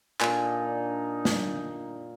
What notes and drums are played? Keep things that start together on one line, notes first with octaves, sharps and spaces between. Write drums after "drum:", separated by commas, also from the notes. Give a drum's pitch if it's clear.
A#2 D4 D#4 G#5, drum: clap
drum: snare A#3